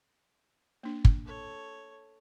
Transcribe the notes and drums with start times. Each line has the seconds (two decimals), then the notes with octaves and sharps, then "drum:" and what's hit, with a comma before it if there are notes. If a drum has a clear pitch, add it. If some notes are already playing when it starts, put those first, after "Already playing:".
0.83 A#3 D4
1.05 drum: kick
1.25 A4 C#5